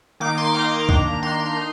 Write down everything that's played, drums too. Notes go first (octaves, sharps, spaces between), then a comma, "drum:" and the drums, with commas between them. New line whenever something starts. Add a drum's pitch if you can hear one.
D#3 A#3 D#4 D6
C6
D#3 A#3 D#4 A#5
D#3 A#3 D4, drum: kick
D#3 A#3 D4 C6
C6
D#4